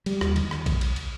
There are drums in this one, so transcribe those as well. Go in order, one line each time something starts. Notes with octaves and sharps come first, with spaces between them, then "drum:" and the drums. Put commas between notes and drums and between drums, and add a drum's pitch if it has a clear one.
G3, drum: cymbal
D#2, drum: rim click
D#3, drum: cymbal
drum: rim click
drum: kick A#1, cymbal
drum: cymbal
drum: cymbal